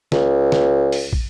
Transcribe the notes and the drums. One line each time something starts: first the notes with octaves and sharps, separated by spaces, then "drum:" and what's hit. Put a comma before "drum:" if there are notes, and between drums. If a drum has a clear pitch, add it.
C#2, drum: snare
drum: snare
drum: open hi-hat
drum: kick